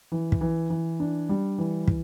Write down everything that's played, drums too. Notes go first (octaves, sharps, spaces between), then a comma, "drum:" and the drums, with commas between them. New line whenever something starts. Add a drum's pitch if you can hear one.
E3
drum: kick
E3
E3
D4
G3
E3
E3, drum: kick